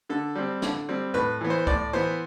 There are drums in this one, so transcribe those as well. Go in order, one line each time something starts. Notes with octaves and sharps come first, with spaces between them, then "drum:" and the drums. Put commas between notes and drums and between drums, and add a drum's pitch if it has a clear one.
D3 A4
G3 C4
D3, drum: snare
G3 C4
A2 B4, drum: tom E2
E3 B3
C5
A2 D5, drum: kick C#2
E3 B3 C5